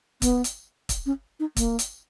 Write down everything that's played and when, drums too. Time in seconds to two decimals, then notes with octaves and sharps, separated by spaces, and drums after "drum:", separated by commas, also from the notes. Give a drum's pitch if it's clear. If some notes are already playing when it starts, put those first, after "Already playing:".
0.22 B3, drum: kick, hi-hat
0.44 drum: hi-hat
0.89 drum: kick, hi-hat
1.06 C#4
1.40 D#4
1.57 A#3, drum: kick, hi-hat
1.79 drum: hi-hat